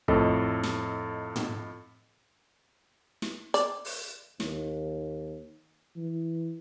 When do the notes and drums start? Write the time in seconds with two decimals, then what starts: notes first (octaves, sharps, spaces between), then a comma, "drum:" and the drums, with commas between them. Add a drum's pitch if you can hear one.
0.08 F2 A2 A4 D#5, drum: kick
0.63 drum: snare
1.36 drum: tom
3.22 drum: snare
3.54 D5, drum: hi-hat
3.85 drum: open hi-hat
4.40 D#2, drum: snare
5.96 E3